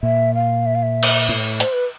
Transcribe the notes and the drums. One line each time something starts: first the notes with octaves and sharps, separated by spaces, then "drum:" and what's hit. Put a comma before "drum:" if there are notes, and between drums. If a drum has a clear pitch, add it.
A#2 E5
F5
E5
F5
E5
drum: cymbal
A2
C5, drum: hi-hat
B4